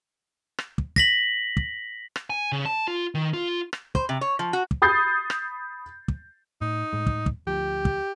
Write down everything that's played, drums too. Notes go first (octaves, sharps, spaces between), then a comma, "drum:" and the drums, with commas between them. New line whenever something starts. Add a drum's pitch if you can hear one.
drum: rim click
drum: kick
A#6 B6 F#7, drum: kick
drum: kick
drum: rim click
G#5
C#3
A5
F4
D#3
F4
drum: rim click
C5, drum: kick
C3
C#5
F3
F#4
drum: kick
B5 D#6 G6 A6 C7
drum: rim click
drum: kick
A2 D#4
A2 G#3
drum: kick
drum: kick
D2 F3 G4
drum: kick